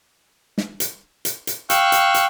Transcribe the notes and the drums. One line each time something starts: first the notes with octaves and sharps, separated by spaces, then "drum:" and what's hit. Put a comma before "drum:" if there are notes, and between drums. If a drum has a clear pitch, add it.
drum: snare
drum: hi-hat
drum: hi-hat
drum: hi-hat
F5 G5 C#6 E6 F#6, drum: hi-hat
drum: hi-hat
drum: hi-hat